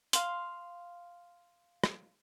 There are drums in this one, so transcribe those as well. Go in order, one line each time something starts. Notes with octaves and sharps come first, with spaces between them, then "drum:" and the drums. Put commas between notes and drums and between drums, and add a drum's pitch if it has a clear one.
F5 C6, drum: hi-hat
drum: rim click